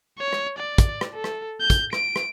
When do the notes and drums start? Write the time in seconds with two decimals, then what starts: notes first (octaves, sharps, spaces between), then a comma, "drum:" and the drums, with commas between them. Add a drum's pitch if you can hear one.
0.19 C#5
0.33 drum: rim click
0.58 D5
0.78 drum: kick, hi-hat
1.01 drum: rim click
1.14 A4
1.24 drum: rim click
1.61 G6
1.70 drum: kick, hi-hat
1.93 D7, drum: rim click
2.16 drum: rim click